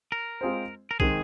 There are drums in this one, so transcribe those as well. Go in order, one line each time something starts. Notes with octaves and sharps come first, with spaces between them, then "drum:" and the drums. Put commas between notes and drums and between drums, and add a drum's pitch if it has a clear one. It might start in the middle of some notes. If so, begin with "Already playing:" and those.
A#4
G#3 C4 F4 G#4 C5
A#4
D#3 G#3 C4 G#4, drum: kick